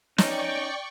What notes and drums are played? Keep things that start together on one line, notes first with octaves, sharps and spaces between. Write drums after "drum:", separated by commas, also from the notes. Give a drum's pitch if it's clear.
C#4 D#4 D5 G5 C#6, drum: snare